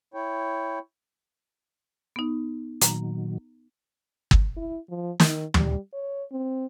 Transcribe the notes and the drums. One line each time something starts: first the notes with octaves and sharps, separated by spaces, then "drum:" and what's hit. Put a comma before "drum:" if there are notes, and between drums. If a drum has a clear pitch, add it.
E4 C#5 G5
B3 D#4
A#2 D#3 F#3 A#5, drum: hi-hat
drum: kick
E4
F3
D#3, drum: snare
G3, drum: tom
C#5
C4